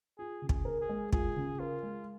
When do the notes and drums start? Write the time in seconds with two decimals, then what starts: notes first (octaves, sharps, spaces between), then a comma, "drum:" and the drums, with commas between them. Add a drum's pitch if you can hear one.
0.19 F4 G#4
0.42 C#3
0.49 G#4, drum: kick
0.65 A#4
0.81 G#4
0.89 G#3
1.13 F4 G#4, drum: kick
1.36 C#3
1.59 F4 A#4
1.83 G#3